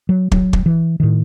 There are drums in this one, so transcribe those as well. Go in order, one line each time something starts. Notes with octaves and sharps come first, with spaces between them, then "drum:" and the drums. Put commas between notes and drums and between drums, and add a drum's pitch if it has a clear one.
F#3
F#3, drum: kick
drum: kick
E3
A2 D#3